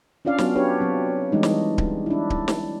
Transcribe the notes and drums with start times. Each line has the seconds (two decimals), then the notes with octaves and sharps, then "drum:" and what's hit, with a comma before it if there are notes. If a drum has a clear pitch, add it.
0.25 C#4 D4 F4 D5 F5
0.38 F#3 B3 F4 F#4, drum: snare
0.55 D4 G4 B4 C#5
0.81 F#3 C4
1.32 E3 G3 G#3 D4 D#4
1.43 drum: snare
1.78 drum: kick D1
2.06 D4 E4
2.30 drum: kick D1
2.48 drum: snare